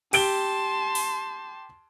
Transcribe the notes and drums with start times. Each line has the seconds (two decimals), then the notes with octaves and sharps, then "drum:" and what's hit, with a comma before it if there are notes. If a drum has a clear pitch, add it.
0.13 G4 A5 C6 D7 G7, drum: cymbal
0.95 drum: open hi-hat